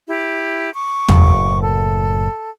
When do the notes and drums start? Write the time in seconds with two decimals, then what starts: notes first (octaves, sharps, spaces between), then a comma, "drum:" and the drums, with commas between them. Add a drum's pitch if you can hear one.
0.08 E4 G4
0.74 C#6 D6
1.08 F#1 A2, drum: tom
1.61 A4